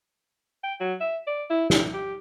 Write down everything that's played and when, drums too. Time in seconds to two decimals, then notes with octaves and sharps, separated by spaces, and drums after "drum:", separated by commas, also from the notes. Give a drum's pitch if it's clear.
0.64 G5
0.81 F#3
1.01 E5
1.27 D5
1.50 E4
1.70 A3, drum: snare
1.94 G4